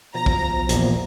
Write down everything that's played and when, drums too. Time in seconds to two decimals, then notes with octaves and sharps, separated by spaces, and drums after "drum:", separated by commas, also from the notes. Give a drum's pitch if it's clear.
0.14 B2 F3 A#5
0.26 drum: kick B1
0.69 A#1 E2, drum: hi-hat